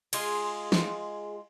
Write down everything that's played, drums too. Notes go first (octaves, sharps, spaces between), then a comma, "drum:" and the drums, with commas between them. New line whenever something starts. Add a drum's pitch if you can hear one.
G#3 F4 G#4, drum: cymbal
drum: snare